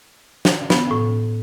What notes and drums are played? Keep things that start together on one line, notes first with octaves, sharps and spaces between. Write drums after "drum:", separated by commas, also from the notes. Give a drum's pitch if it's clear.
drum: snare
B3, drum: snare
A2